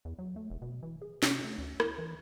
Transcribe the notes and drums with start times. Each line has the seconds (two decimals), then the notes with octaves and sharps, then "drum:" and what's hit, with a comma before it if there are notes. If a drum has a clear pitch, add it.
0.05 E2
0.19 F#3
0.36 A3
0.50 E1
0.62 B2
0.83 E3
1.02 G#4
1.23 C3, drum: snare
1.44 A3
1.58 D2
1.80 E4, drum: rim click
1.98 E3